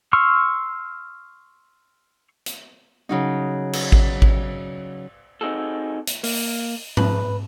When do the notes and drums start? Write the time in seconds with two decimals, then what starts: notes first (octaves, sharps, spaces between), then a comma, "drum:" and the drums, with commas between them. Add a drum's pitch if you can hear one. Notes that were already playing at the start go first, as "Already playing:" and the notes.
0.13 C6 C#6 E6 F6
2.46 drum: hi-hat
3.09 C#3 F#3 D#4
3.73 drum: cymbal
3.92 drum: kick G#1
4.22 drum: kick G#1
5.41 C4 D#4 F#4 G#4 A4
6.07 drum: hi-hat
6.23 A#3, drum: open hi-hat
6.97 B4, drum: tom G#2